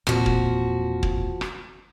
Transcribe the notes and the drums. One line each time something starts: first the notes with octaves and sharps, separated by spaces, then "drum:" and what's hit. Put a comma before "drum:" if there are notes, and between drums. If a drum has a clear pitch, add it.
E1 A#2 F3 C4 F#4, drum: rim click
drum: kick
drum: kick
drum: rim click